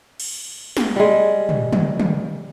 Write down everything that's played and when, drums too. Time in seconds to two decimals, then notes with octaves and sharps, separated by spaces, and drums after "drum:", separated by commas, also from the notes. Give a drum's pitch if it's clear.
0.20 drum: cymbal
0.77 drum: snare
0.96 G3 G#3
1.49 drum: tom
1.72 drum: tom
1.99 drum: tom